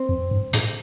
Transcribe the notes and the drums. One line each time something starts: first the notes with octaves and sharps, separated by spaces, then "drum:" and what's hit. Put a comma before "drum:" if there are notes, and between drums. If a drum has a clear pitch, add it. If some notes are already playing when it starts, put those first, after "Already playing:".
Already playing: C4
F2
G2
A2, drum: hi-hat